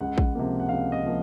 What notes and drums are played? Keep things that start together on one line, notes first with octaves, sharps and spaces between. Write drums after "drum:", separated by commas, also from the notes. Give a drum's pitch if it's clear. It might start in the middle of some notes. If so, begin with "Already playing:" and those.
C#2 F#5
drum: kick
C3 F3 A#3
F#5
C#2 F5
D#5
C3 F3 A#3